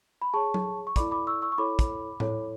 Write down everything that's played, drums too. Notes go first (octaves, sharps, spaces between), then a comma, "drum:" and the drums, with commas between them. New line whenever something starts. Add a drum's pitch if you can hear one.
B5
G#4 C#5 A5 C#6
drum: tom F#3
C#6
E4 A4 D5 B5 D6, drum: kick, hi-hat
B5 D6
C#6 E6
C#6 E6
C#6
E4 A4 C#5 B5 D6
drum: kick, hi-hat
E4 A4 C#5, drum: tom A2